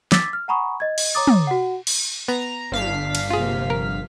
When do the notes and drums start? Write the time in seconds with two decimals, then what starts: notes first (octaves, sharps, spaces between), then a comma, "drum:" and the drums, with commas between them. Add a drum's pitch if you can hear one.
0.12 D6 E6 G#6 A6 B6, drum: snare
0.33 F6
0.48 F#5 G#5 A#5 B5 C#6 D#6
0.80 D#5 G#6
0.98 drum: cymbal
1.14 C#5 A#5 D6 D#6 A6
1.27 drum: tom
1.47 F#4 F#5
1.87 drum: cymbal
2.28 B3 A#5
2.72 G1 D4 F5 B6
3.15 drum: cymbal
3.30 C3 F3 A#3 F4 G#4
3.70 A#4